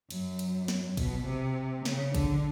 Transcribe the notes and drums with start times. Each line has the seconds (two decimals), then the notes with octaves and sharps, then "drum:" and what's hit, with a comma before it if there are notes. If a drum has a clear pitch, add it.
0.10 F#2, drum: cymbal
0.39 drum: cymbal
0.68 drum: snare
0.97 B2, drum: kick, cymbal
1.26 C3
1.85 C#3, drum: snare
2.15 D3, drum: kick, cymbal